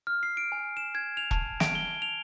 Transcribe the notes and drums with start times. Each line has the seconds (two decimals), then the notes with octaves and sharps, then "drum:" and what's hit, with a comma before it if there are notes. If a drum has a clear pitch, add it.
0.07 F6
0.23 C7
0.37 D7
0.52 G#5
0.77 E7
0.95 G#6
1.17 F7
1.31 A5, drum: kick E1
1.60 D7, drum: snare
1.75 G7
2.02 F7